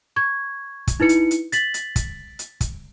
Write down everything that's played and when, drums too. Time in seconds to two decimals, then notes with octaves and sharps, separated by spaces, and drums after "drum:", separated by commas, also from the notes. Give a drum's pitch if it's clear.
0.16 C#6 G#6
0.87 drum: kick, hi-hat
1.00 D#4 E4 B4 C#7
1.09 drum: hi-hat
1.31 drum: hi-hat
1.52 A6 B6 F#7, drum: hi-hat
1.74 drum: hi-hat
1.96 drum: kick, hi-hat
2.39 drum: hi-hat
2.61 drum: kick, hi-hat